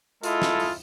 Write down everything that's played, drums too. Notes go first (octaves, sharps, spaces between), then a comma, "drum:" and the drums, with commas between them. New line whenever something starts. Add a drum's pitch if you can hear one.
G#3 E4 F4 A4 D#5, drum: hi-hat
drum: snare
drum: open hi-hat